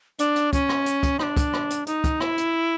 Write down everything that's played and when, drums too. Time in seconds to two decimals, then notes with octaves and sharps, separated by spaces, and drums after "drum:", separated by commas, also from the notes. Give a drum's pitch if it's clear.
0.19 D4, drum: hi-hat
0.36 drum: hi-hat
0.53 C#4, drum: kick, hi-hat
0.69 drum: rim click
0.86 drum: hi-hat
1.03 drum: kick, hi-hat
1.19 D#4, drum: rim click
1.23 D4
1.37 drum: kick, hi-hat
1.53 drum: rim click
1.70 drum: hi-hat
1.86 D#4, drum: hi-hat
2.04 drum: kick, hi-hat
2.20 E4, drum: rim click
2.38 drum: hi-hat